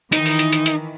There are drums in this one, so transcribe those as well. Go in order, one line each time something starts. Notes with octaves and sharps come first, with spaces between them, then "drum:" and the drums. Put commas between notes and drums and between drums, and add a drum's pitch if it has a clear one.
D#3 E3 D#4, drum: hi-hat
drum: open hi-hat
drum: hi-hat
drum: hi-hat
drum: hi-hat